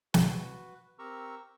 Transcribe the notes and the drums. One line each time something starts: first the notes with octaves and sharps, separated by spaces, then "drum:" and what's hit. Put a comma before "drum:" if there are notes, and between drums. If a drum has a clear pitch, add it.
F#4 B4, drum: snare
C4 G4 A#4 A#5 C#6 E6